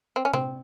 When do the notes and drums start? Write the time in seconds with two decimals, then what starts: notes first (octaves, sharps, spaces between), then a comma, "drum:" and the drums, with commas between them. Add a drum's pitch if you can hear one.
0.16 C4
0.25 C#4
0.33 C4, drum: tom C3